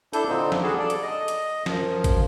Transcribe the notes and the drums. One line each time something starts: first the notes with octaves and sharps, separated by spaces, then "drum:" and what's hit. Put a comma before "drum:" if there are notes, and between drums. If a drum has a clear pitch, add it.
D4 E4 A4 G6, drum: hi-hat
A#2 D3 A#3 C4 D#4
drum: snare
G3 D4 F#4 G#4 A4
A4 D5
drum: hi-hat
D#5
drum: hi-hat
F#2 F3, drum: snare
drum: kick, hi-hat